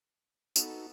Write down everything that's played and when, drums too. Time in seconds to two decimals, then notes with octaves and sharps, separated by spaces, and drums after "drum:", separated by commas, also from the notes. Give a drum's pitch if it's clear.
0.56 B3 D#4 F#4 A4, drum: tambourine